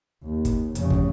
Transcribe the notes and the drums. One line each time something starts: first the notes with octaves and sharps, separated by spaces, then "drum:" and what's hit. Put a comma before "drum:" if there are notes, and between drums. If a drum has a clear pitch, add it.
D#2
drum: kick, hi-hat
F1 C#3, drum: hi-hat
drum: kick